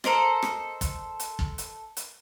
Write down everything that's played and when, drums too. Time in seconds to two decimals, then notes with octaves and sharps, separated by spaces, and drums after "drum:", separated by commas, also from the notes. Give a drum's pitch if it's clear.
0.04 A4 A#4 C5 D#5, drum: rim click
0.42 drum: rim click
0.81 drum: kick, hi-hat
1.20 drum: hi-hat
1.39 drum: kick
1.58 drum: hi-hat
1.97 drum: hi-hat